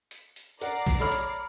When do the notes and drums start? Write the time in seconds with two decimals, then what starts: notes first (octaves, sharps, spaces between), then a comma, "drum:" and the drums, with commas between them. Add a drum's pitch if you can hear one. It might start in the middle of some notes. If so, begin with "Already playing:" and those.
0.11 drum: hi-hat
0.36 drum: hi-hat
0.61 A#4 D5 F#5 A#5 C7, drum: hi-hat
0.87 drum: kick A#1, open hi-hat
1.00 A4 C#5 B5 F6
1.12 drum: hi-hat